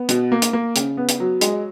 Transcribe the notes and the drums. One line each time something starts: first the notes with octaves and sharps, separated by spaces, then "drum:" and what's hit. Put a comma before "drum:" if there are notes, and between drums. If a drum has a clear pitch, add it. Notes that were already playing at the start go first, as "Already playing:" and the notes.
Already playing: B3
B2, drum: hi-hat
A#3
drum: hi-hat
A#3
C#3, drum: hi-hat
B3
drum: hi-hat
F#3
G#3, drum: hi-hat